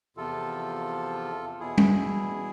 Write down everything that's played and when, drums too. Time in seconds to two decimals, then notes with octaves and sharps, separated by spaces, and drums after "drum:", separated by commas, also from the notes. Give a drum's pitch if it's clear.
0.17 E2 C3 F3 F4 A4
1.60 E2 B2 E4 G#4
1.78 drum: tom G3